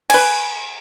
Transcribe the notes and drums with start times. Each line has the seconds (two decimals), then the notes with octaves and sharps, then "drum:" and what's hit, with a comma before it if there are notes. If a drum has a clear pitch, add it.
0.10 B4 G#5, drum: cymbal